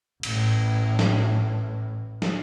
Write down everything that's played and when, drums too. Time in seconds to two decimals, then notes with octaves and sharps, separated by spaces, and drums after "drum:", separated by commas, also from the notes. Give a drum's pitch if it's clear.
0.23 A1 A2, drum: cymbal
0.99 drum: snare
2.22 drum: snare